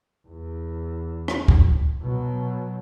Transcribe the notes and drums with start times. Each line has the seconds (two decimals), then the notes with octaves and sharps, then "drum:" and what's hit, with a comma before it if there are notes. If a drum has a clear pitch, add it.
0.28 E2
1.28 drum: rim click
1.48 drum: kick
2.01 B2 F#3